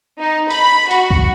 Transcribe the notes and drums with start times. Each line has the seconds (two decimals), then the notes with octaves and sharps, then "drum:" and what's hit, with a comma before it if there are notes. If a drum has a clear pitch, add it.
0.19 D#4
0.50 B5, drum: tambourine
0.91 F#4, drum: tambourine
1.11 drum: kick C#2